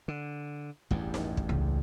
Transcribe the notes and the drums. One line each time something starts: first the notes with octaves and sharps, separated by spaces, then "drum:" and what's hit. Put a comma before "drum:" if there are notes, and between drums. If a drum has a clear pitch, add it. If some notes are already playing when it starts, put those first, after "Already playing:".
D3
A1 E2 G2, drum: kick
drum: snare
drum: kick
C#2